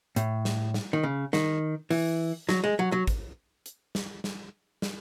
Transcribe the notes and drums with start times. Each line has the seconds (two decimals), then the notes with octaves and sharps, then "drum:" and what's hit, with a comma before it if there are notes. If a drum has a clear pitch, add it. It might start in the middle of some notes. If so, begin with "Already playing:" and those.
0.16 A2, drum: hi-hat
0.45 drum: snare
0.74 drum: snare
0.93 D#3
1.03 C#3
1.33 D#3, drum: snare
1.90 E3, drum: open hi-hat
2.49 F#3, drum: snare
2.64 G#3
2.79 F#3
2.92 F#3
3.07 drum: kick, hi-hat
3.66 drum: hi-hat
3.95 drum: snare
4.24 drum: snare
4.82 drum: snare